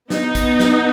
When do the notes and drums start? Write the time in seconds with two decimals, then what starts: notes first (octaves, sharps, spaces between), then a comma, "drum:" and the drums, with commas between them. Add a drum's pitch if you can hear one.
0.10 B3 D#4, drum: snare
0.35 drum: kick, hi-hat
0.60 drum: snare